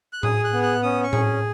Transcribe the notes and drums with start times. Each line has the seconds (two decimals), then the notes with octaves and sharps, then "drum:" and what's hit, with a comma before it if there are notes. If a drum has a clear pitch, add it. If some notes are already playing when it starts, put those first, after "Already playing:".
0.13 F#6
0.23 G#4 D#6, drum: tom A2
0.44 F#6
0.53 B3
0.63 F#6
0.82 C#4 D#6
1.03 C#6
1.13 G#4, drum: tom A2